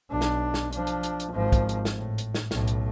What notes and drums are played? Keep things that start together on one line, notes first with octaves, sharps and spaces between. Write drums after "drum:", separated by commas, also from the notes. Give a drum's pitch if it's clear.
B1 D4
drum: snare
drum: snare
F3 D4, drum: hi-hat
drum: hi-hat
drum: hi-hat
drum: hi-hat
G#1 F3
drum: kick, hi-hat
drum: hi-hat
drum: snare
A2
drum: hi-hat
drum: snare
B1 A2, drum: snare
drum: hi-hat